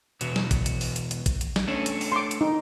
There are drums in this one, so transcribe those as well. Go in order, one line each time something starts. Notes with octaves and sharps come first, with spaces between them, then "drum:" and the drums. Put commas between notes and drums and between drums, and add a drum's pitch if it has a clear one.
E2 B2 F#4, drum: hi-hat
drum: snare
drum: kick A1, hi-hat
drum: hi-hat
drum: open hi-hat
drum: hi-hat
drum: hi-hat
drum: kick A1, hi-hat
drum: hi-hat
drum: snare
A3 C#4 D4
drum: hi-hat
drum: open hi-hat
C6 D6
drum: hi-hat
D#4